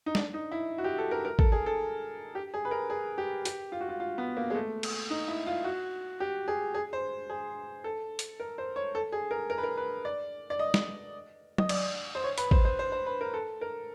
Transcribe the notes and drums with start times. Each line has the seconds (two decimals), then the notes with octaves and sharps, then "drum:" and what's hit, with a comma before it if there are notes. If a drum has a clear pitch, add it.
0.06 D#4
0.15 D4, drum: snare
0.34 D#4
0.52 E4
0.78 F#4
0.84 G4
0.98 A4
1.11 A#4
1.25 A#4
1.39 A4, drum: kick
1.52 G#4
1.66 A4
2.35 G4
2.54 G#4
2.65 B4
2.71 A#4
2.90 G#4
3.18 G4
3.45 G4, drum: hi-hat
3.72 F4
3.81 F#4
3.89 F4
4.00 F4
4.18 B3
4.37 A#3
4.50 G#3
4.55 A3
4.83 drum: cymbal
5.10 D#4
5.28 E4
5.47 F4
5.64 F#4
6.20 G4
6.48 G#4
6.74 G#4
6.93 C5
7.30 G#4
7.84 A4
8.19 drum: hi-hat
8.40 A#4
8.58 C5
8.76 C#5
8.95 A4
9.12 G#4
9.31 A#4
9.50 A#4
9.58 B4
9.63 A#4
9.77 B4
10.05 D5
10.50 D5
10.59 D#5
10.74 drum: snare
11.58 D#5, drum: tom F#3
11.69 D5, drum: cymbal
12.15 C5
12.24 C#5
12.38 B4, drum: hi-hat
12.51 C5, drum: kick
12.65 C5
12.79 C5
12.92 C5
13.06 B4
13.21 A#4
13.34 A4
13.61 A#4